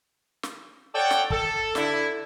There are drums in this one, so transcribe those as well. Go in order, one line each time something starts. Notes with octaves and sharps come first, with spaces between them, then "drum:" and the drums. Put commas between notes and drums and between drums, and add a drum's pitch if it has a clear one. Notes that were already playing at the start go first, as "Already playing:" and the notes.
drum: snare
A4 C#5 D5 F#5 G5
drum: snare
A4, drum: kick
D3 E4, drum: snare